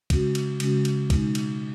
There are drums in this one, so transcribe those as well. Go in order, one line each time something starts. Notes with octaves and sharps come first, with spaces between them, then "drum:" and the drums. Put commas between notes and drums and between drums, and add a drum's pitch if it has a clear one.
C#3 G#3 C#4 F#4, drum: kick, cymbal
drum: cymbal
C#3 G#3 C#4 F#4, drum: cymbal
drum: cymbal
B2 G#3 D#4, drum: kick, cymbal
drum: cymbal